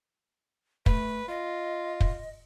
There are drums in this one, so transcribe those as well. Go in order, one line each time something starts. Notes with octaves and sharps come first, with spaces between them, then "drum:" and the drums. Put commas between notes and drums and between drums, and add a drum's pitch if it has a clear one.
A3 B4, drum: kick
F4 D#5
drum: kick